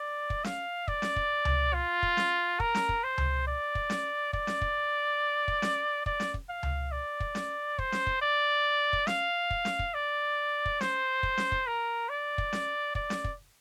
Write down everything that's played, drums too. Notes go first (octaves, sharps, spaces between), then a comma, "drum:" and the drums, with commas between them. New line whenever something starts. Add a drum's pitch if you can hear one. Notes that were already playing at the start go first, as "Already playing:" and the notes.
Already playing: D5
drum: kick
F5, drum: snare C#4
D5, drum: kick
drum: snare C#4
drum: kick
drum: tom C#2
F4
drum: kick
drum: snare C#4
A#4, drum: kick
drum: snare C#4
drum: kick
C5
drum: tom C#2
D5
drum: kick
drum: snare C#4
D5, drum: kick
drum: snare C#4
drum: kick
drum: kick
drum: snare C#4
D5, drum: kick
drum: snare C#4
drum: kick
F5
drum: tom C#2
D5
drum: kick
drum: snare C#4
C5, drum: kick
drum: snare C#4
drum: kick
D5
drum: kick
F5, drum: snare C#4
drum: kick
drum: snare C#4
drum: kick
D5
drum: kick
C5, drum: snare C#4
drum: kick
drum: snare C#4
drum: kick
A#4
D5
drum: kick
drum: snare C#4
D5, drum: kick
drum: snare C#4
drum: kick